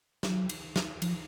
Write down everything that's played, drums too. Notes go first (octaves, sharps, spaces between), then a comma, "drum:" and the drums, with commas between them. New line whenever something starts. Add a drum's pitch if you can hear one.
F#3, drum: snare
drum: cymbal
drum: snare
F3, drum: cymbal